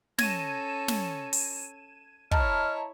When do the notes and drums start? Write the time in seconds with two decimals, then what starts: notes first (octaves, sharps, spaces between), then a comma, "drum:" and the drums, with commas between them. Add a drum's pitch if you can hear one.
0.18 C#4 A4 G#6 A#6 D#7 E7, drum: snare
0.88 drum: snare
1.33 drum: open hi-hat
2.31 E4 C#5 D#5 A5 A#5 F6, drum: kick